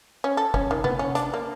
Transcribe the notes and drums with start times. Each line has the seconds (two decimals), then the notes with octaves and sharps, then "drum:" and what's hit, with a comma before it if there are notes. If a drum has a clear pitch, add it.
0.24 C#4
0.37 A4
0.54 C#4, drum: kick
0.71 D#3
0.84 B3, drum: tom C3
0.99 C#4
1.15 D4, drum: hi-hat
1.34 A#3